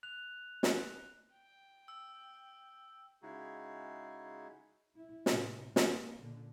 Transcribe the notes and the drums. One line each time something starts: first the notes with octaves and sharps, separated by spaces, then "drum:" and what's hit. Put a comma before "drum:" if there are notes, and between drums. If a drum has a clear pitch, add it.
F#6 F7
drum: snare
G5
E6
C#3 G#3 D#4 E4 F#4 G#4
E4
A2 C3, drum: snare
A#3, drum: snare
A#2 D3